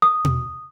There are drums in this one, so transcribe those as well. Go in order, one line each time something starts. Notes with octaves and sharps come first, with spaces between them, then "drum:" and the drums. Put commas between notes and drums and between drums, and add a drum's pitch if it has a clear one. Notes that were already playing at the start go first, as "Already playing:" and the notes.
D#6
drum: tom B2